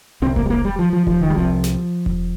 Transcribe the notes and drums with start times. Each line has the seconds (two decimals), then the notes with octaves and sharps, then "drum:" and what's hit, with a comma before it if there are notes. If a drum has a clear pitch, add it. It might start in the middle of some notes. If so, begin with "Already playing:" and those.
0.22 C2 C3 C4
0.36 A#3, drum: kick E1
0.46 G3
0.50 A#3
0.65 G3
0.79 F3
0.93 F3
1.07 F3, drum: kick E1
1.21 D#3
1.30 G3
1.35 C2 C3 F3
1.64 drum: snare
2.06 drum: kick E1